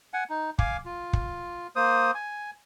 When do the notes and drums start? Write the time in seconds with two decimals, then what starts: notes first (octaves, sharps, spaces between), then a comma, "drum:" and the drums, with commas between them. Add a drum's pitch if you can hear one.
0.13 F#5 G#5
0.30 D#4
0.59 F5 G#5 D6, drum: kick
0.85 F4
1.13 drum: kick
1.76 A#3 C5 D#6
2.15 G#5